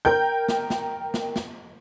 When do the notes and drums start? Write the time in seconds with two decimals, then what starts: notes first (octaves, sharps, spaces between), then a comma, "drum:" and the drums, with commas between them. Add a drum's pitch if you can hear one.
0.05 A#4 G5 G6
0.48 drum: snare
0.70 drum: snare
1.14 drum: snare
1.36 drum: snare